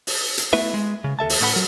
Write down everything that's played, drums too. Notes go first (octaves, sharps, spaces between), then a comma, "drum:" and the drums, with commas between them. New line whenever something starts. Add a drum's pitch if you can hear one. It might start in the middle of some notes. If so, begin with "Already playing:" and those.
drum: open hi-hat
drum: hi-hat
A3 B3 E4 B4 E5
G#3
C#3
D#2 A4 E5 A5
drum: open hi-hat
A2 C#4 F#5 B5
F#3 A#4